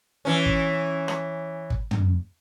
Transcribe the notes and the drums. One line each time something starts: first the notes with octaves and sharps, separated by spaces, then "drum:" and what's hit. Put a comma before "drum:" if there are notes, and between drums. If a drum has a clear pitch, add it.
E3 C#4
drum: kick
drum: rim click
drum: kick
drum: tom